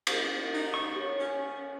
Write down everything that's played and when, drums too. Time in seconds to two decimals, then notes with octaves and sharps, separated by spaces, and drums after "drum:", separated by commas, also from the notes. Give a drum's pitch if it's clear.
0.07 drum: cymbal
0.54 D#4
0.74 C#6
0.96 G4 C#5
1.19 C#4